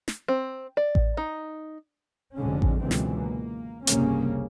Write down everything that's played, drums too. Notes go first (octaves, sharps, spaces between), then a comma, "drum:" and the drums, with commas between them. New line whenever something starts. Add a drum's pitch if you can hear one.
drum: snare
C4
D5
drum: kick A1
D#4
F1 D3 G#3 C#4
drum: kick A1
C#2 F#2 B2 D3 E3 C4
drum: snare
A#3
F1 C2 G2 C#3 A#3 C#4, drum: hi-hat